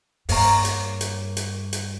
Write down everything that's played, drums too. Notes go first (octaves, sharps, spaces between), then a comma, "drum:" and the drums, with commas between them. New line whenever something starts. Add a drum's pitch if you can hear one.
G2 A#3 C#5 A#5, drum: open hi-hat
drum: hi-hat
drum: hi-hat
drum: hi-hat
drum: hi-hat